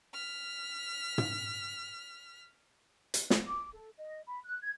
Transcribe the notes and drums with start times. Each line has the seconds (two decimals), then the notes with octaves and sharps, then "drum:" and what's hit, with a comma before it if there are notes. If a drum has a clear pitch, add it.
0.13 F6 B6
1.18 drum: tom
3.14 drum: hi-hat
3.30 drum: snare
3.46 D6
3.74 A4
3.99 D#5
4.27 B5
4.44 F#6
4.63 G#6